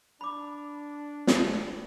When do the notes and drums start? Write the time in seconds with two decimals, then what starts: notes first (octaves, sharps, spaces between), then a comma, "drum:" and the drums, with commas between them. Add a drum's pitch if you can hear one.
0.21 D4 B5 D6
1.27 drum: snare